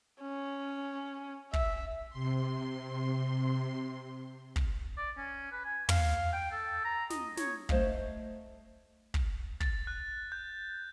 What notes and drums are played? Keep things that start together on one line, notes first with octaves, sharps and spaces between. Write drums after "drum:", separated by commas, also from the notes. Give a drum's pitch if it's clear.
C#4
E5, drum: kick
C3 C6
drum: kick
D5
C#4
B4
G#5
F5, drum: tom
G5
A4
A#5
D#5, drum: snare
C#5, drum: snare
A3 C5 D#5 F5, drum: kick
drum: kick
A6, drum: kick
F#6
G6